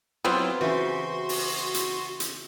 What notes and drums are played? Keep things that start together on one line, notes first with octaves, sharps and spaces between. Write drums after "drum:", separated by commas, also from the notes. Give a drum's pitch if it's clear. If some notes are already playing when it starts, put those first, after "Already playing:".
F#3 B3 C4 E4 F4 F5
C#3 E3 F#4 G4 C6
drum: open hi-hat
drum: hi-hat
drum: hi-hat